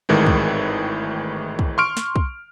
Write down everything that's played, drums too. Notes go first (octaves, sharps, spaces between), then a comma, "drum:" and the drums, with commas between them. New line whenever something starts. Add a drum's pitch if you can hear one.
G#1 A2 D#3 E3 G#3
drum: kick
drum: kick
C6 C#6 F6 D7
drum: snare
drum: kick